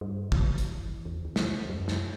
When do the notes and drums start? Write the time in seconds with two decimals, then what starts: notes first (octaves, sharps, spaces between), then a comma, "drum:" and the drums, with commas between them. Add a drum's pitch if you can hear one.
0.01 G2
0.32 E3, drum: kick
0.58 drum: hi-hat
1.05 E2
1.25 D#2
1.36 drum: snare
1.69 F#2
1.88 drum: snare